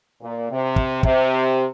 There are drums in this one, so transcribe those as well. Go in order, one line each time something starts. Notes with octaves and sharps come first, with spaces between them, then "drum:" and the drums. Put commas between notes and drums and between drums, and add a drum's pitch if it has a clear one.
A#2
C3
drum: kick
C3, drum: kick